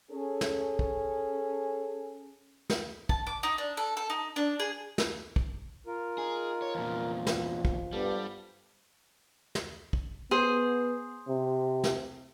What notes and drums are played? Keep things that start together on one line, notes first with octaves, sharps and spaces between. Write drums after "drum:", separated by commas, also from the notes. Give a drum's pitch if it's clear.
C#4 G#4 A4
drum: snare
drum: kick
drum: snare
A5, drum: kick
D6
D#4
D4
A4
A4
D#4
D4
G#4
drum: snare
drum: kick
F4 A#4
D#4 G#4
C#5
E2 A#2 F3
drum: snare
drum: kick
G2 G3 B3 D4 A4
drum: snare
drum: kick
B3 G#4 C5
C3
drum: snare